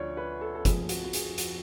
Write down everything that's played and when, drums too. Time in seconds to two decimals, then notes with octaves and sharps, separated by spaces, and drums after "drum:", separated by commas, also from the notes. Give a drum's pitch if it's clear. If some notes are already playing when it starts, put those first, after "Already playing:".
Already playing: D2 D3 F3 C#5 D5
0.17 B4
0.41 A4
0.55 A4
0.65 F1 F2 F3 G#4, drum: kick F#1, hi-hat
0.89 F#4, drum: hi-hat
1.05 F#4
1.13 G#4, drum: hi-hat
1.38 F#4, drum: hi-hat